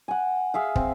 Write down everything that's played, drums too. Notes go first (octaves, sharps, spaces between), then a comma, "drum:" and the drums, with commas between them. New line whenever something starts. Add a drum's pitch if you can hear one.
F#5 G#5
G#4 E5 F5
C4, drum: kick